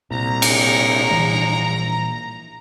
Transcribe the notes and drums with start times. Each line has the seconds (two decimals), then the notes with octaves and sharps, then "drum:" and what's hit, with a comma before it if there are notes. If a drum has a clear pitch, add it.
0.11 C2 A#2 A#5
0.42 drum: cymbal
1.11 A#1 A#2 E3 G3